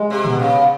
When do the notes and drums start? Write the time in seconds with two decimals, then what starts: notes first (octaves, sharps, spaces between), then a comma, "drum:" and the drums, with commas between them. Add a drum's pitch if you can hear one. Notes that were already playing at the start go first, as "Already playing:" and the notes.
Already playing: G#3
0.10 C3
0.25 B3, drum: tom A#2
0.39 C#3